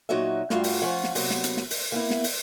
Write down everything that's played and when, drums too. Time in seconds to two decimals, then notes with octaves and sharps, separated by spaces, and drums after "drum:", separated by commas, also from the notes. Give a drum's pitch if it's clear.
0.09 A#2 F#3 D#4 F#4 C#5 E5
0.50 G2 G3 A3 F4 F#4 F5, drum: snare
0.64 drum: open hi-hat
0.82 F3 C#4 F4 C#5 F#5
1.04 drum: snare
1.15 C3 F#3 A#3 B3, drum: open hi-hat
1.30 drum: snare
1.44 drum: hi-hat
1.57 drum: snare
1.70 drum: open hi-hat
1.92 A#3 B3 E4
2.10 drum: snare
2.24 drum: open hi-hat